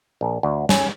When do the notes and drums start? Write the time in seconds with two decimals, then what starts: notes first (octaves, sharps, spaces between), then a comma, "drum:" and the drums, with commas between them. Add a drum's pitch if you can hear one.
0.21 A#1
0.43 D2
0.69 C#4, drum: snare